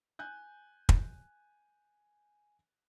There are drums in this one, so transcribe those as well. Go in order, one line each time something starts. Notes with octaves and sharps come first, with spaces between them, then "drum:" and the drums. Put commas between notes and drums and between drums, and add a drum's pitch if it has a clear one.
G#5 F#6 G6
drum: kick